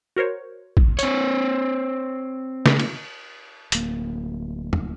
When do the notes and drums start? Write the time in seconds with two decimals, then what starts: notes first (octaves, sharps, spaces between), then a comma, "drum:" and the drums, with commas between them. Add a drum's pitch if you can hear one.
0.16 F#4 A#4 C5 C#5
0.77 drum: kick A1
0.99 C4 C#5, drum: tambourine
2.66 drum: snare
2.79 drum: cymbal
3.72 D1 A#3, drum: hi-hat
4.73 drum: tom